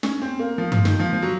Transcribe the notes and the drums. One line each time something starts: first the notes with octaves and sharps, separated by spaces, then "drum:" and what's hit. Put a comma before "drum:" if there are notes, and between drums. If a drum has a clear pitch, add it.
C#4, drum: snare
C4
A#3
F3
F3, drum: tom G2
D#3, drum: snare
F3
F3
F#3